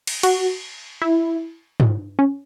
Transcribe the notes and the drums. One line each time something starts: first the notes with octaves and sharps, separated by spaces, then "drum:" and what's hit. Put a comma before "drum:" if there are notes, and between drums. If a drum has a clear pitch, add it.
drum: cymbal
F#4, drum: cymbal
E4
drum: tom
C#4